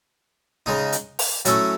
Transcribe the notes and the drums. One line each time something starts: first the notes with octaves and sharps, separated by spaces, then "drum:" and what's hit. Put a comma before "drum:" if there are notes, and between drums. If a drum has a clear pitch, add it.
C#3 G#3 D#4
drum: hi-hat
drum: open hi-hat
F#3 A3 C#4 E4, drum: hi-hat